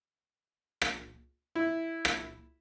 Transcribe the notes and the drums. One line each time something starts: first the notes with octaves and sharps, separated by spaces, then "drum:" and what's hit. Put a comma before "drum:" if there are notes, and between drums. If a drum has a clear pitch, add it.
drum: rim click
E4
drum: rim click